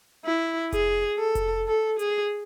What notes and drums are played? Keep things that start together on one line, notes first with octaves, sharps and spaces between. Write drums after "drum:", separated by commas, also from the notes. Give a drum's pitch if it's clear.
E4
G#4, drum: kick F1, hi-hat
A4
drum: kick F1, hi-hat
A4
G#4, drum: hi-hat